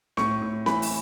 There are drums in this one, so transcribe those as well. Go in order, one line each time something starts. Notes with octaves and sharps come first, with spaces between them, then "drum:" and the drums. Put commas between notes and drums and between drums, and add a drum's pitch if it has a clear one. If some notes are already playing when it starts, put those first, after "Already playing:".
A2 C#6, drum: snare C4
A2
E3 B5, drum: snare C4
drum: open hi-hat